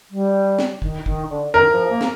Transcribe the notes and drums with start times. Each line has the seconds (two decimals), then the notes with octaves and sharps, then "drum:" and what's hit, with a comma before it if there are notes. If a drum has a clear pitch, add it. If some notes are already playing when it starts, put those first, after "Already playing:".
0.11 G3
0.59 drum: snare
0.82 D#3, drum: kick
1.06 D#3, drum: kick
1.30 D3
1.53 D#3 A#4
1.71 F3
1.89 A#3
2.01 drum: snare